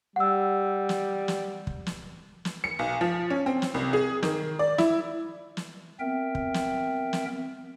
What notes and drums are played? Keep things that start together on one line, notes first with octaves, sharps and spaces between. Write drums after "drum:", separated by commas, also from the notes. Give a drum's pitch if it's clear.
G3 F#5 E6
drum: snare
drum: snare
drum: kick
drum: snare
drum: snare
C#7
B1
F3
C#4
C4
drum: snare
C2
G#4
D#3, drum: snare
D5
E4, drum: snare
drum: snare
B3 C4 A#4 E5 G5
drum: kick
drum: snare
drum: snare